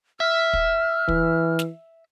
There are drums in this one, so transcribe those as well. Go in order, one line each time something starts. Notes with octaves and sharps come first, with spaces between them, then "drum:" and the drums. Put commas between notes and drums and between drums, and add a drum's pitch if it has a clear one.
E5 F6
drum: kick
E3, drum: kick
drum: snare